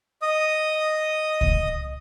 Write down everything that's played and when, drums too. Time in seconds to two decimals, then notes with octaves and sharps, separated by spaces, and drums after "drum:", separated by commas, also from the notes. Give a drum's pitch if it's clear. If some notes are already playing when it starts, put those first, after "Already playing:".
0.22 D#5 D#6
1.41 drum: kick C#2